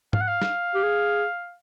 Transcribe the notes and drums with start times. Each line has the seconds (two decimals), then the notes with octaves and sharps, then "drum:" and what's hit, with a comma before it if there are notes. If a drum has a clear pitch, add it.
0.13 F5, drum: tom G#2
0.21 F#5
0.28 F5
0.42 drum: snare
0.74 G4
0.83 G#4